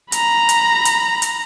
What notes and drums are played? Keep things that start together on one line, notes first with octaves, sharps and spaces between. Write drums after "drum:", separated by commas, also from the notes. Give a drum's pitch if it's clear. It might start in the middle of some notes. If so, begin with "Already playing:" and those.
A#5 B5, drum: hi-hat
drum: hi-hat
drum: hi-hat
drum: hi-hat